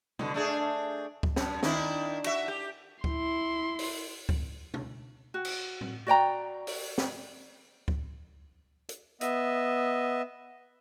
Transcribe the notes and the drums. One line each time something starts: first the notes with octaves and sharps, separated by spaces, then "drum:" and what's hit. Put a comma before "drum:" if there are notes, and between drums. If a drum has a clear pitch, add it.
B2 D3, drum: tom
A3 D4 G#4
drum: kick C#2
F#2, drum: snare
D#3 D4 E4, drum: snare
F#4 E5, drum: cymbal
G4
E4 C6, drum: kick C#2
drum: open hi-hat
drum: kick C#2
drum: tom
F#4
drum: cymbal
drum: tom
F#4 D5 G5 A#5
drum: open hi-hat
drum: snare
drum: kick C#2
drum: hi-hat
B3 D#5 E5, drum: hi-hat